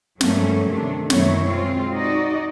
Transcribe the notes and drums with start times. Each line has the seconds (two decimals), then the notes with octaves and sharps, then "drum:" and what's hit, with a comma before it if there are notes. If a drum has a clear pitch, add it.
0.21 G2 F3 F#3 A3 A#3 C#4, drum: snare
0.67 C3 D#3 A3 D4
1.10 F#2 B2 D#3 F#3 E4 C#5, drum: snare
1.45 B2 G#3 C4 F4
1.94 D#4 F#4 D5 D#5